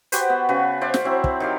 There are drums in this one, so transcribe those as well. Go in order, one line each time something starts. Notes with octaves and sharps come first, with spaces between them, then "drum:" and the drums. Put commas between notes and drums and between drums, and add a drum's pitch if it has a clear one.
F#4 G4 B4 C5, drum: hi-hat
B3
C#3 F#4 B4
C5 D5 E5 F5
drum: snare
F#3 C4 E4
drum: kick
D#3 G4 F5